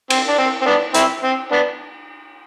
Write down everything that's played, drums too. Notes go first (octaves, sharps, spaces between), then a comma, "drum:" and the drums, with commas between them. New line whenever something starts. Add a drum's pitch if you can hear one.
C4, drum: cymbal
D4
C4
C4
B3 D4
C4 E4, drum: hi-hat
C4
B3 D4